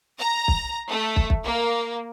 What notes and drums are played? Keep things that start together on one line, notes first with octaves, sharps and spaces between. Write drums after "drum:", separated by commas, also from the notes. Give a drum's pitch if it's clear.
A#5
drum: kick
A3
drum: kick
drum: kick
A#3